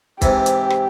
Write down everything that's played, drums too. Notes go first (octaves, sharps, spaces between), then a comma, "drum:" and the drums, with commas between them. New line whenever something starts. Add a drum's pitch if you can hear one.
G#2 C3 E3 G4, drum: kick, hi-hat
drum: hi-hat
drum: rim click